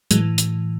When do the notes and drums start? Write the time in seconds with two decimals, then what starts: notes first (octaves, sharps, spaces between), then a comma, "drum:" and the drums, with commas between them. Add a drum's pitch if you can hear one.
0.11 A2 E3 F#3 G#3, drum: hi-hat
0.38 drum: hi-hat